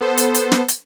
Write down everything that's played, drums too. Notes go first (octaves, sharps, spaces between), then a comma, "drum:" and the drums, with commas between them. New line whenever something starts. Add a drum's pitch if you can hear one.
B3 A4 C5
drum: hi-hat
drum: hi-hat
drum: snare
drum: hi-hat